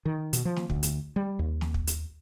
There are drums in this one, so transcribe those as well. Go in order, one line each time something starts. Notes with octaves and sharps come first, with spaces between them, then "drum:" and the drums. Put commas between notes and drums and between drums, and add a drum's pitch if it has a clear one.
D#3
B2, drum: hi-hat
F3
drum: snare
D2, drum: kick
drum: hi-hat
G3
D#2
drum: snare
drum: kick
drum: hi-hat